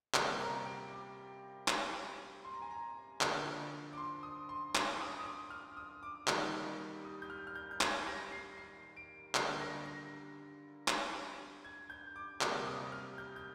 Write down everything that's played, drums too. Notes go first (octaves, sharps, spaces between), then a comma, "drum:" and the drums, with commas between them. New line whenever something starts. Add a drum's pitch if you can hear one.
C3 G3 A#3 D6, drum: clap
A#5
G5
D6
drum: clap
C6
A#5
G#5
A#5
D3 F3 A#3, drum: clap
D6
C6
D#6
C6
D6, drum: clap
D#6
D#6
D6
F6
D#6
D6
D#3 G3 A#3, drum: clap
D#6
G6
F6
F6
G6
G6
G#6, drum: clap
A#6
C7
C7
D7
D3 G3 A#3 C7, drum: clap
A#6
A#6
drum: clap
G#6
G6
D6
C3 G3 A#3 D6, drum: clap
D#6
F6
G6
G6